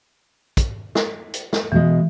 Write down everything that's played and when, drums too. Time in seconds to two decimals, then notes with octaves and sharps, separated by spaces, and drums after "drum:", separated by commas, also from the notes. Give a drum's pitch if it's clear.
0.57 drum: kick, hi-hat
0.95 drum: snare
1.34 drum: hi-hat
1.53 drum: snare
1.72 B2 E3 G#3